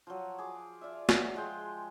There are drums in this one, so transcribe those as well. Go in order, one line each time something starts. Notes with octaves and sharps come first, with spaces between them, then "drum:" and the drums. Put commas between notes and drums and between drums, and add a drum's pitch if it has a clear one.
F3 F#3
G#4 D6
F4 D5 E5
F#3, drum: snare
F3 G#3 G5